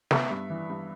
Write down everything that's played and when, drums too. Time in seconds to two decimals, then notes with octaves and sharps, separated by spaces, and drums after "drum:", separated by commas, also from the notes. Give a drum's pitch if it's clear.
0.11 B3 E5, drum: snare
0.31 G2
0.50 E3
0.70 G2